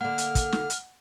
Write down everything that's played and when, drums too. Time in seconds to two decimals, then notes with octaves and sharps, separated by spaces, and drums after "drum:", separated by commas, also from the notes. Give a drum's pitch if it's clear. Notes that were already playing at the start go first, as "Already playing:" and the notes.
0.01 D3 A#3 F#5 F6
0.18 drum: hi-hat
0.35 drum: kick, hi-hat
0.52 drum: snare
0.70 drum: hi-hat